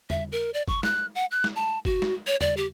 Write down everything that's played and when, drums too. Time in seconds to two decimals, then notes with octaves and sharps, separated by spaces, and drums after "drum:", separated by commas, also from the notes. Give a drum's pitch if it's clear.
0.10 E5, drum: tom
0.32 A#4
0.54 D5
0.68 C#6, drum: kick
0.83 F#6, drum: snare
1.15 F#5
1.31 F#6
1.44 drum: snare
1.56 A5
1.85 F#4, drum: kick
2.02 drum: snare
2.27 C#5
2.41 D5, drum: tom
2.57 G4